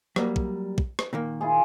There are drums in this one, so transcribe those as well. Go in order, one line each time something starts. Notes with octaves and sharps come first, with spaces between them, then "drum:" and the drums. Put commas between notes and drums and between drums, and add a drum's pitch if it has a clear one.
F#3 G3 A#3, drum: rim click
drum: kick
drum: kick
drum: rim click
A#2 D#3 A#3
E4 F4 G#4